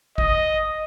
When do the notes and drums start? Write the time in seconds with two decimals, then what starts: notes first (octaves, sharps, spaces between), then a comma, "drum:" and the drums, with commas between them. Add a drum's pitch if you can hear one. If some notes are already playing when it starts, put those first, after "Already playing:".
0.18 D#5, drum: kick